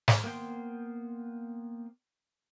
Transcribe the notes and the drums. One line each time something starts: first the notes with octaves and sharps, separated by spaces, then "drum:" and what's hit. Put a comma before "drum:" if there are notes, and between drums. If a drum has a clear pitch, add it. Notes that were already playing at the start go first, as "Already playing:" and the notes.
drum: snare
A#3 B3 C5 G5 C6